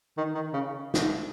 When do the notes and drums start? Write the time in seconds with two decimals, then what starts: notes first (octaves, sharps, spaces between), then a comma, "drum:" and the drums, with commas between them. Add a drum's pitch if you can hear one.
0.18 D#3
0.35 D#3
0.53 C#3
0.94 drum: snare